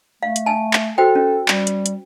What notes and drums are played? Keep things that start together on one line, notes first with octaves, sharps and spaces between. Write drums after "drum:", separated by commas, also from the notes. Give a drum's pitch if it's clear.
A3 F5
drum: hi-hat
G#5 A5
drum: clap
F#4 A4 C5 G5
C#4
G3, drum: clap
drum: hi-hat
drum: hi-hat